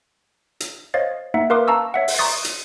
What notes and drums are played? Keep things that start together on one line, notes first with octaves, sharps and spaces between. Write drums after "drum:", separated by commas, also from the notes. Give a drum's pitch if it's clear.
drum: hi-hat
C5 C#5 D#5 F5 A6
A#3 D#4 E5 F#5
A#4 B4 F5 C6 D6 D#6
F5 A5 A#5 C#6 E6
C#5 E5 F#5
drum: open hi-hat
A#5 C6 C#6 D#6 A6
drum: hi-hat